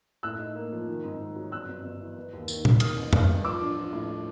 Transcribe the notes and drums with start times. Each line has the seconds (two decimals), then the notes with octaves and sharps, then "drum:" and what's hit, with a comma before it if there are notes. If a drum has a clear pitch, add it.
0.23 A2 E6 F#6
0.39 D#4
0.56 A#3
0.72 F3
0.88 D#3
1.04 G#2
1.20 D#3
1.36 F#3
1.52 G1 E6 F#6
1.68 G1
1.84 G1
2.01 E3
2.17 B3
2.33 D#2
2.48 D#3, drum: tambourine
2.65 D#2, drum: tom A#2
2.80 D#3 D#6 F6, drum: cymbal
2.97 A1
3.13 G2, drum: tom
3.29 A1
3.44 F3 D6 E6
3.61 D4
3.77 F3
3.93 A2